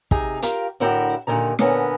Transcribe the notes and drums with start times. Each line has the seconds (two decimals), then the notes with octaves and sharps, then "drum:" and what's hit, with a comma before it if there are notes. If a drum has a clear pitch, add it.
0.11 C3 D#4 G#4, drum: kick
0.42 F4 G4 A#4 F5, drum: hi-hat
0.80 A2 D3 E4 F#4 A#4 G5
1.27 D#2 A#2 D3 D#3 A#5
1.59 A#2 D3 B3 C#4 A#4, drum: snare